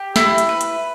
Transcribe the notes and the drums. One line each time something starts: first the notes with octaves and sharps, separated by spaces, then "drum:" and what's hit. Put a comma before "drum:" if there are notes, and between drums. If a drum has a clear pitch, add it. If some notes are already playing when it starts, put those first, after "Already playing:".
Already playing: G4
E4, drum: snare
drum: hi-hat
B4
drum: hi-hat